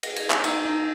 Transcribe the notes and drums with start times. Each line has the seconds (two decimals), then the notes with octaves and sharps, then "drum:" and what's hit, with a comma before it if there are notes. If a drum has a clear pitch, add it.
0.03 A#6, drum: cymbal
0.16 G#6, drum: cymbal
0.30 G6, drum: clap
0.44 D#4 E6, drum: cymbal
0.65 D#4 G6